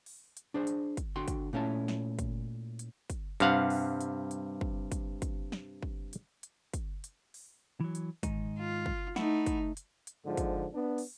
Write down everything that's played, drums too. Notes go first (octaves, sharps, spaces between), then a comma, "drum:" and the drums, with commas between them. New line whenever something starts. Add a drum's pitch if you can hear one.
drum: open hi-hat
drum: hi-hat
D4 G#4 C5
drum: hi-hat
drum: kick, hi-hat
D3 F#4 G5 C6
drum: kick, hi-hat
A#2 A3 C#4 E4 A5
drum: snare
drum: kick, hi-hat
drum: hi-hat
drum: kick, hi-hat
G2 C3 F5 F#5, drum: hi-hat
drum: open hi-hat
drum: hi-hat
drum: hi-hat
drum: kick
drum: kick, hi-hat
drum: kick, hi-hat
drum: snare
drum: kick
drum: hi-hat
drum: hi-hat
drum: kick, hi-hat
drum: hi-hat
drum: open hi-hat
E3 F#3
drum: hi-hat
G#2 D#3 D#4, drum: kick, hi-hat
F4
drum: kick
A3 D#4 E4 F#5, drum: snare
drum: kick, hi-hat
drum: hi-hat
drum: hi-hat
G#2 D3 F3
drum: kick, hi-hat
B3 D4
drum: open hi-hat